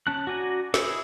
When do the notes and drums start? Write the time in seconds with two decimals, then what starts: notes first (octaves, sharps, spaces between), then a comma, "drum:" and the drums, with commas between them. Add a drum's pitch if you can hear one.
0.07 C#4 A5 F#6
0.27 F#4 D5 G#5 A#5
0.74 E4 G#4 E6, drum: snare